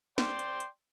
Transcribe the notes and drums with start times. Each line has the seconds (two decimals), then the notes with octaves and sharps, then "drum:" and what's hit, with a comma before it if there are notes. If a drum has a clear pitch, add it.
0.18 D5 G5 C6, drum: snare
0.39 drum: hi-hat
0.60 drum: hi-hat